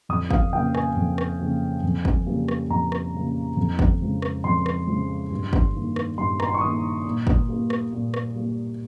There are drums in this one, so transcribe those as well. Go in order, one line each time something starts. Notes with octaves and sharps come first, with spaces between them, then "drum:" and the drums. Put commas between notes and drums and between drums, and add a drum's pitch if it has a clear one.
F2 D#6
F5, drum: kick
C#3 F3 A#3 G5
G#5, drum: rim click
F2
drum: rim click
C#3 F3 A#3
F2
drum: kick
C#3 G3 A#3
drum: rim click
F2 A#5
drum: rim click
C#3 G3 A#3
F2
drum: kick
C#3 F3 G#3
drum: rim click
F2 C6
drum: rim click
C#3 F3 G#3
G2
drum: kick
D#3 A#3
drum: rim click
G2 C6
A#5, drum: rim click
C6
C#6
D#3 A#3 D#6
A#2
drum: kick
G3 A#3
drum: rim click
A#2
drum: rim click
G3 A#3